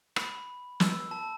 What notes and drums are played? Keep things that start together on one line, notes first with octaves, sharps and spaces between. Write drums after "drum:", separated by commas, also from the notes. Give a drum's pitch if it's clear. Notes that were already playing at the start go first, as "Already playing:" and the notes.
B5, drum: rim click
E6, drum: snare
A5